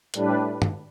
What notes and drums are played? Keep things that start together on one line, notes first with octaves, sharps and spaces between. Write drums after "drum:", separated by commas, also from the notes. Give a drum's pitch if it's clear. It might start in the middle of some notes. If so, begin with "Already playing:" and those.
A2 G3 D4 B4, drum: hi-hat
drum: tom G2